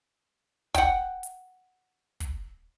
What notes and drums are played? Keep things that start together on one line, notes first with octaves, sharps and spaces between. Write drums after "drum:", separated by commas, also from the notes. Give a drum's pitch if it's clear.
F#5 G5, drum: kick, hi-hat
drum: hi-hat
drum: kick, hi-hat